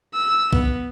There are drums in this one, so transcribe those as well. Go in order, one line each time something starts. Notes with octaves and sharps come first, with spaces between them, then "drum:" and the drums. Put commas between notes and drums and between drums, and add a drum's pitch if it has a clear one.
E6
B3, drum: kick